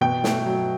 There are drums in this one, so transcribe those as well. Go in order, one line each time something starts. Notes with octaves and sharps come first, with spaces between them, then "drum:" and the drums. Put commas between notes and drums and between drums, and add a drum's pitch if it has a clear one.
B2 G5
A3, drum: snare
F#3